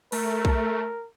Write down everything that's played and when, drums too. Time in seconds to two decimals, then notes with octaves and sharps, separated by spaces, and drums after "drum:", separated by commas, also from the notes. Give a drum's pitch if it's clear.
0.12 A3 A#4, drum: open hi-hat
0.45 drum: kick B1